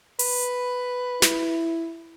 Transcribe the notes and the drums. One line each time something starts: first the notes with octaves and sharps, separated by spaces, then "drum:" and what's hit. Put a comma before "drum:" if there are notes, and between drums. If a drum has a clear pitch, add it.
B4, drum: open hi-hat
E4, drum: snare